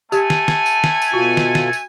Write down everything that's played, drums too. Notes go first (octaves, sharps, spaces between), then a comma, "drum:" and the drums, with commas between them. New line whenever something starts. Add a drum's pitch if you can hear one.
A3 G4 G#5 A5, drum: tambourine
drum: snare
drum: snare
drum: tambourine
drum: snare
drum: tambourine
B2 F4 F#4 A4
drum: snare
drum: snare
drum: tambourine